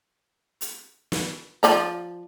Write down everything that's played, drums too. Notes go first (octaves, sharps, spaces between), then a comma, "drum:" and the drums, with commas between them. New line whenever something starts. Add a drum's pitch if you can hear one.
drum: hi-hat
drum: snare
F3 D5 A#5, drum: hi-hat